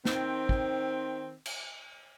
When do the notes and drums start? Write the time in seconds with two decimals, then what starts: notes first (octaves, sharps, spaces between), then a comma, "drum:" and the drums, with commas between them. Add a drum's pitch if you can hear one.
0.05 D#3 C4, drum: snare
0.49 drum: kick
1.46 drum: cymbal